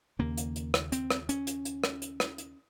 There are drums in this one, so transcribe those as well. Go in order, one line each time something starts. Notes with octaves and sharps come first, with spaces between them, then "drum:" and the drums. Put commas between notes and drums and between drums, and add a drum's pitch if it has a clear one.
D#2 C#3 A#3
drum: hi-hat
drum: hi-hat
drum: rim click
C4, drum: hi-hat
drum: rim click
C#4, drum: hi-hat
drum: hi-hat
drum: hi-hat
drum: rim click
drum: hi-hat
drum: rim click
drum: hi-hat